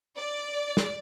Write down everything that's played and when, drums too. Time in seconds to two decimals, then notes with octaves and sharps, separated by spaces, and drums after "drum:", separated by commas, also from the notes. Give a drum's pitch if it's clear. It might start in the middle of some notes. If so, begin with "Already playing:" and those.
0.17 D5
0.77 drum: snare